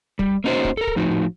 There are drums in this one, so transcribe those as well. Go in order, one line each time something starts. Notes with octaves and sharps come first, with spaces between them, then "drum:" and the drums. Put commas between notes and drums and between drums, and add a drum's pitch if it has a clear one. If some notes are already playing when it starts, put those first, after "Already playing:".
G3, drum: kick
A#3 C#4 D#4 F#4 C5
drum: kick
A4 A#4
drum: kick
A2 F3 D#4 F#4